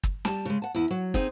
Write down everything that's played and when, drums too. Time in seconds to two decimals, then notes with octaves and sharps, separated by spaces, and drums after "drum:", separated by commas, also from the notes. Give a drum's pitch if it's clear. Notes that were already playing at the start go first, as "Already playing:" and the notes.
0.03 drum: kick
0.25 G3 A5, drum: snare
0.45 C#3 G#3
0.62 F#5 A5
0.75 E2 E4
0.91 F#3
1.14 C4 D#4 G#4, drum: kick